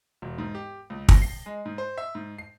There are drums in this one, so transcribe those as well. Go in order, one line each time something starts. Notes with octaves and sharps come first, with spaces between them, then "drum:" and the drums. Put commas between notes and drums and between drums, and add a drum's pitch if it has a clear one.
E1
G#2
G4
C#2
A#6, drum: kick
C7
G#3
G#2
C5
E5
G#2
C7